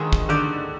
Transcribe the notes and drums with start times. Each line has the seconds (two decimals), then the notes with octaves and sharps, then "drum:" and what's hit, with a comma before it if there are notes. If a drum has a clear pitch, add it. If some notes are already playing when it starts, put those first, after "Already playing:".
Already playing: D3 D#3 F3 G#3 D#4
0.13 drum: kick
0.29 D3 D4 G4